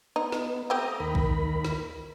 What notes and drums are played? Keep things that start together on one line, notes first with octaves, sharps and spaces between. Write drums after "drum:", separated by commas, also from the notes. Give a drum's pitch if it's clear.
B3 D#4
drum: snare
A3 C4 G4 A#5 D#6
D#2 A#4 B5
drum: kick B1
drum: snare